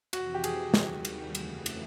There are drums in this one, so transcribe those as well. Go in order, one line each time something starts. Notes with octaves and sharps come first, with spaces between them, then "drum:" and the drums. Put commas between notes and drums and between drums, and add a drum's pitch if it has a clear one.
F2 C3 E3 F#4, drum: cymbal
G4
G#4, drum: cymbal
D#2 D#3 G3, drum: snare
drum: cymbal
F2 C#3 E3 A3, drum: cymbal
drum: cymbal